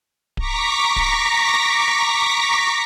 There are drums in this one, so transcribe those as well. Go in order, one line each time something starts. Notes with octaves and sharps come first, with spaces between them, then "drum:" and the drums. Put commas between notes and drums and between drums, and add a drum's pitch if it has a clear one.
A#5 C#6 D6 A#6 B6, drum: kick D1
drum: kick D1